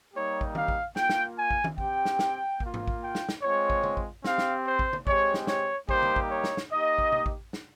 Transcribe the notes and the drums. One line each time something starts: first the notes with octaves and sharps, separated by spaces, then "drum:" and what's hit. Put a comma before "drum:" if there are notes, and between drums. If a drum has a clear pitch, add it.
G3 A#3 D#4 G4 C#5
drum: kick A1
F5, drum: tom D#3
drum: kick A1
A#3 F4 G5, drum: snare
drum: snare
G#5
drum: kick A1
drum: tom D#3
C4 G4 G5, drum: kick A1
drum: snare
drum: snare
A#3 F4, drum: kick A1
drum: tom G#2
drum: kick A1
G5
drum: snare
drum: snare
G#3 C4 F4 C#5
drum: kick A1
drum: tom
drum: kick A1
C4 G4 F5, drum: snare
drum: snare
C5
drum: kick A1
drum: tom
G#3 C4 G4 C#5, drum: kick A1
drum: snare
C#5, drum: snare
G3 A#3 D#4 G4 C5, drum: kick A1
drum: tom
drum: kick A1
C#5
drum: snare
drum: snare
A#3 D#4 G4 D#5
drum: kick A1
drum: tom B2
drum: kick A1
drum: snare